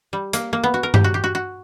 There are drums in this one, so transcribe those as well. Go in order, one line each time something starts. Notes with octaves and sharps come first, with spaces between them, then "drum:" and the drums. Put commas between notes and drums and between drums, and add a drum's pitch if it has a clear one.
G3
A#3, drum: hi-hat
A#3
B3
F#4
A#4
G4, drum: tom G2
F#4
G4
F#4
F#4